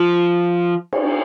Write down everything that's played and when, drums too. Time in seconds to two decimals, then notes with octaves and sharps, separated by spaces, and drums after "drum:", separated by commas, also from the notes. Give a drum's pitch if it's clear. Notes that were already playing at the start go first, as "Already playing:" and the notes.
Already playing: F3
0.92 drum: cymbal